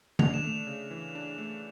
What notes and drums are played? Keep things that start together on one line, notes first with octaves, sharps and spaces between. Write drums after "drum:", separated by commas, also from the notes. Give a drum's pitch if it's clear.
D4 F7, drum: tom
E7
A3 F7
C#3
E3
D4
A3